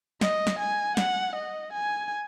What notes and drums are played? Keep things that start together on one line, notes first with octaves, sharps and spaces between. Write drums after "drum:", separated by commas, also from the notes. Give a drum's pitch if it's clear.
D#5, drum: snare
drum: snare
G#5
F#5, drum: snare
D#5
G#5